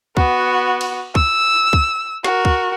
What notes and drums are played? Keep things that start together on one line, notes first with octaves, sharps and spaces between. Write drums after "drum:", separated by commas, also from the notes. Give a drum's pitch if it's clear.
B3 F#4, drum: kick
drum: cymbal
E6, drum: kick
drum: kick
F#4 A#4, drum: snare
drum: kick